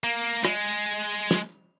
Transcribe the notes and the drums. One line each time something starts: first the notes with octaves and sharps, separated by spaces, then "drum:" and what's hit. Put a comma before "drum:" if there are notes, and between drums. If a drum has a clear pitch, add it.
A#3
G#3, drum: rim click
drum: snare